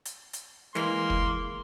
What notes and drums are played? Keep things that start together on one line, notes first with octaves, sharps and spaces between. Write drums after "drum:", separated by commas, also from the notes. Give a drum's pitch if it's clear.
drum: hi-hat
drum: hi-hat
E3 G#3 A#3 C6, drum: snare
drum: kick